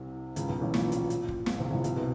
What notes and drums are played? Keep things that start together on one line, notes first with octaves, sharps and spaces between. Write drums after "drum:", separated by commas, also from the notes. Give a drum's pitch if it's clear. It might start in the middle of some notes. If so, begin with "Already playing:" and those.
Already playing: C2 C3
C#2 C#3, drum: hi-hat
B1 B2
A1 A2
A#1 A#2, drum: snare
drum: hi-hat
drum: hi-hat
drum: kick
A#1 A#2, drum: snare
C2 C3
C#2 C#3
C2 C3, drum: hi-hat
B2